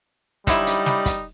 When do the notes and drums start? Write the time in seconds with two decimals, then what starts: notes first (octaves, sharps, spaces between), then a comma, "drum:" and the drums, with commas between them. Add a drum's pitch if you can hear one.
0.47 D3 F#3 G3 D#4 E4 B5 D6, drum: kick, hi-hat
0.67 drum: hi-hat
0.86 drum: snare
1.06 drum: kick, hi-hat